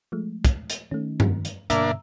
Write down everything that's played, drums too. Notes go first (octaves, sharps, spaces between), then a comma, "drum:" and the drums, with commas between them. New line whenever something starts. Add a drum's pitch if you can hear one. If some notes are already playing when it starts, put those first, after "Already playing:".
F3 G#3 A3
drum: kick, hi-hat
drum: hi-hat
D#3 A3 C#4
drum: tom G2
drum: hi-hat
G2 B2 D3 A#3 D4 E5 A#5 E6, drum: hi-hat